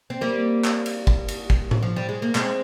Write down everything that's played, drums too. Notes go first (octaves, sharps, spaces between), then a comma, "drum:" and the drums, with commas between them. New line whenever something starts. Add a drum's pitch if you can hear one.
C4
G3 A#3
drum: clap
drum: cymbal
drum: kick
drum: cymbal
drum: kick
drum: tom A2
F3
G3
G#3
A#3
G#3 C4, drum: clap